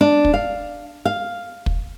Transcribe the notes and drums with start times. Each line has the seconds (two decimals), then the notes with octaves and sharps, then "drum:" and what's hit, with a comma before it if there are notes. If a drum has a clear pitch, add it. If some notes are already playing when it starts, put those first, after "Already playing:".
0.01 D4
0.25 drum: kick
0.34 F5
1.05 F5
1.66 drum: kick